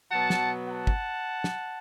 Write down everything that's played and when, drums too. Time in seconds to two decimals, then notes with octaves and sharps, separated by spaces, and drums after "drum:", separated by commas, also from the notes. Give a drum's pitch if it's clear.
0.11 B2 F#3 B3 F#5 A5
0.30 drum: snare
0.68 F#5 A5
0.87 drum: kick
1.44 drum: snare